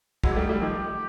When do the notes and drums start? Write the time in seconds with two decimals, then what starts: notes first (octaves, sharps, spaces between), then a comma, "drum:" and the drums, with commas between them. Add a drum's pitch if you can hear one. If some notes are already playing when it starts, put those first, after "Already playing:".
0.24 F#3 G#3 E4, drum: kick
0.33 D4
0.36 G3 A3 D#4
0.49 G3 A3 E4
0.61 D#3 F3 G4